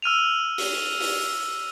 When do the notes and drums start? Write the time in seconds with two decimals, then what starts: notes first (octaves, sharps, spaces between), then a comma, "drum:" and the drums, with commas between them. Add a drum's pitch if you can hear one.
0.02 E6 F6 D#7 F7
0.58 drum: open hi-hat
1.00 drum: open hi-hat